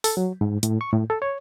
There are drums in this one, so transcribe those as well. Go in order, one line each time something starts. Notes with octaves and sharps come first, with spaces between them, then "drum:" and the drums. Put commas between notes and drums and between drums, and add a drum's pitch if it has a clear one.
A4, drum: open hi-hat
F#3
G#2
A2, drum: hi-hat
C#6
A2
A4
C#5